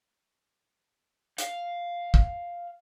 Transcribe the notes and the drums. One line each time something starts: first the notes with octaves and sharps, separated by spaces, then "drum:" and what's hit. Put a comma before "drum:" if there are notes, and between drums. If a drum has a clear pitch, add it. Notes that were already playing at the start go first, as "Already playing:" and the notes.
F5, drum: hi-hat
drum: kick